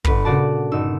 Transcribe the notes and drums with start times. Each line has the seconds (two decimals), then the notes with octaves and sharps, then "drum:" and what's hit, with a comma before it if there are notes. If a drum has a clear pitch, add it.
0.04 G1 B4, drum: kick
0.25 A#2 C#3 F#4 D5 A5
0.71 G1 D#4 E6